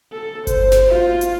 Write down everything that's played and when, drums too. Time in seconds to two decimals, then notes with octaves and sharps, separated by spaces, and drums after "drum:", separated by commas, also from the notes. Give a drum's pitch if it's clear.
0.12 A4
0.47 C5, drum: kick G1, hi-hat
0.72 drum: snare
0.89 F4
1.21 drum: hi-hat